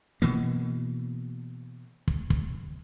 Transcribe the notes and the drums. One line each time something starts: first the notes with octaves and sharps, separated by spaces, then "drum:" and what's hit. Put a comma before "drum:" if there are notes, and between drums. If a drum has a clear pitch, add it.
B2 E3 A#3
drum: kick
drum: kick